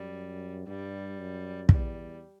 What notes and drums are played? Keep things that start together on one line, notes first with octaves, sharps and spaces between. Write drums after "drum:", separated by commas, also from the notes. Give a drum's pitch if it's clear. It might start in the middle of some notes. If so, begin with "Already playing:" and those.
Already playing: F#2 G3
G2 G3
F#2
E2 G3, drum: kick